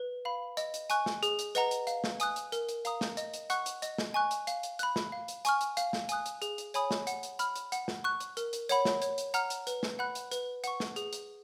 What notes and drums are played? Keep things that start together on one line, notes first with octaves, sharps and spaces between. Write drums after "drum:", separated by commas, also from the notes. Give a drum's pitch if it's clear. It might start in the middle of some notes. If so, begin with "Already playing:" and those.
Already playing: B4
F5 B5
D#5, drum: hi-hat
drum: hi-hat
G#5 C#6 F#6, drum: hi-hat
drum: snare
G#4, drum: hi-hat
drum: hi-hat
B4 D#5 F#5 A#5, drum: hi-hat
drum: hi-hat
F5, drum: hi-hat
drum: snare
G#5 D#6 F#6, drum: hi-hat
drum: hi-hat
A#4, drum: hi-hat
drum: hi-hat
F5 A#5 D#6, drum: hi-hat
drum: snare
D#5, drum: hi-hat
drum: hi-hat
F#5 C#6 F#6, drum: hi-hat
drum: hi-hat
D#5, drum: hi-hat
drum: snare
G#5 C#6 F#6
drum: hi-hat
F5, drum: hi-hat
drum: hi-hat
B5 F#6, drum: hi-hat
drum: snare
F5
drum: hi-hat
G#5 C#6 F6, drum: hi-hat
drum: hi-hat
F5, drum: hi-hat
drum: snare
G#5 D#6 F#6, drum: hi-hat
drum: hi-hat
G#4, drum: hi-hat
drum: hi-hat
C#5 G#5 B5 D#6, drum: hi-hat
drum: snare
F#5, drum: hi-hat
drum: hi-hat
B5 F6, drum: hi-hat
drum: hi-hat
F#5, drum: hi-hat
drum: snare
C#6 F#6
drum: hi-hat
A#4, drum: hi-hat
drum: hi-hat
C#5 F#5 B5, drum: hi-hat
drum: snare
C#5, drum: hi-hat
drum: hi-hat
F#5 A#5 F6, drum: hi-hat
drum: hi-hat
B4, drum: hi-hat
drum: snare
F#5 B5 F#6
drum: hi-hat
B4, drum: hi-hat
F#5 C#6, drum: hi-hat
drum: snare
G#4, drum: hi-hat
drum: hi-hat